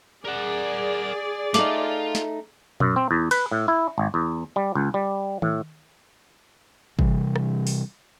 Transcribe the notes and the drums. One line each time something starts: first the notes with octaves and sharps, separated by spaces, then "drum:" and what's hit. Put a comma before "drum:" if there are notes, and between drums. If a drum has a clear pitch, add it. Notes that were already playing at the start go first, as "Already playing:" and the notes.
G#4 A#4 D5 F#5
A3 D#4 F4 D6 F#7, drum: snare
drum: snare
F#2, drum: tom A#2
C4
E2
B4, drum: cymbal
A2
E4
G#1
E2
G3
C#2
G3
A2, drum: tom D#3
C3 E3 G3, drum: kick
drum: rim click
drum: open hi-hat